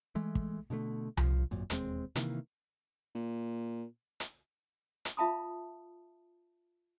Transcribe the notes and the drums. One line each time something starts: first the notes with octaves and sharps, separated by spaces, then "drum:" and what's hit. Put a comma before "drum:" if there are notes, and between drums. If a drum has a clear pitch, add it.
E3 G#3 A3
drum: kick
B2 D3 F3 A3
C2 F3, drum: tom C2
D1 G#1 F#2 A#2
E1 D#2 G#3 C4, drum: hi-hat
C3 D#3 E3 A#3, drum: hi-hat
A#2
drum: hi-hat
drum: hi-hat
F4 E5 F5 A5 B5 D#6